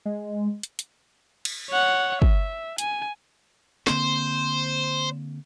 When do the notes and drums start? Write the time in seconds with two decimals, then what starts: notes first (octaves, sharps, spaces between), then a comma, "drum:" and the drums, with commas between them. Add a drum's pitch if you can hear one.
0.05 G#3
0.63 drum: hi-hat
0.79 drum: hi-hat
1.45 drum: cymbal
1.70 C#5 F#5
2.22 E5, drum: kick
2.78 G#5, drum: hi-hat
3.87 D3 A#3 C4 C5, drum: snare